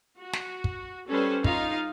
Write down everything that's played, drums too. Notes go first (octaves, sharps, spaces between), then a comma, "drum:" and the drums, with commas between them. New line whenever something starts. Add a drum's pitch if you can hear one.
F#4
drum: snare
drum: kick
G3 C#4 A4 B4 C5
D#4 F4 F5, drum: kick